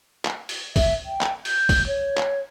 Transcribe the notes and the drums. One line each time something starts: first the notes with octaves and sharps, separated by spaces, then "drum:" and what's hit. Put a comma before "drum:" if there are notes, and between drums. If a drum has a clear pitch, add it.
drum: clap
drum: open hi-hat
E5, drum: kick, open hi-hat
G5
drum: clap
G6, drum: open hi-hat
drum: kick, open hi-hat
C#5
drum: clap